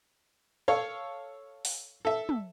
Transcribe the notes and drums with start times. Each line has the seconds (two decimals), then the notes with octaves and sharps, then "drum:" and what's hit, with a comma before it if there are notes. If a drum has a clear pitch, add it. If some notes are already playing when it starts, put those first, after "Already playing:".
0.68 A4 C#5 F5
1.65 drum: open hi-hat
2.05 A4 E5
2.29 drum: tom